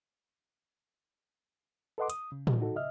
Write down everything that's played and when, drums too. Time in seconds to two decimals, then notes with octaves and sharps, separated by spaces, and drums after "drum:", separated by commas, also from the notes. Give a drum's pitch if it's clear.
1.98 A4 B4 D#5 F#5 C6 D6
2.10 D#6, drum: hi-hat
2.32 C#3
2.47 G3, drum: tom A2
2.61 D#4 F#4 A4
2.76 C#3 D#5 E5 F6